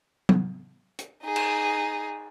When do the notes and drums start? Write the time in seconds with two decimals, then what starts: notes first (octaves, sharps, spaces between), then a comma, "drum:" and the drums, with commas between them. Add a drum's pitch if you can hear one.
0.29 drum: tom F#3
0.99 drum: hi-hat
1.24 D#4 G#4
1.36 drum: cymbal